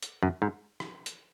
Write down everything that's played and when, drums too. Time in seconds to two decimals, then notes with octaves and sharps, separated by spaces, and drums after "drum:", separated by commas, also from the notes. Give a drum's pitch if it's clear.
0.03 drum: hi-hat
0.23 F#2
0.42 G#2
0.80 drum: rim click
1.06 drum: hi-hat